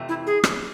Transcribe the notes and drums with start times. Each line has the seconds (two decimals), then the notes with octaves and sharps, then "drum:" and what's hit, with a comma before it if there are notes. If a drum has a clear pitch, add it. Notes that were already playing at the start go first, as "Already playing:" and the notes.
Already playing: F2 C3 E3 A3
0.09 E4
0.27 G#4
0.44 drum: rim click